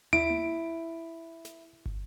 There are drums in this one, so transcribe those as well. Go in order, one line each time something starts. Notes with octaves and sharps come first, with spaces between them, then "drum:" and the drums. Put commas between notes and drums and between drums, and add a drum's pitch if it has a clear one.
E4 D7, drum: tom
drum: tom A#3
drum: snare
drum: kick